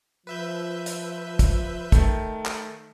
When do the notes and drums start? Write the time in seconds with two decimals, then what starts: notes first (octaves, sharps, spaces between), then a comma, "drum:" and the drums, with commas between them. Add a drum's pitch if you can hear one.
0.27 F3 B4 E5 G6
0.86 drum: hi-hat
1.39 drum: kick, hi-hat
1.92 D#3 A3, drum: kick, hi-hat
2.45 drum: clap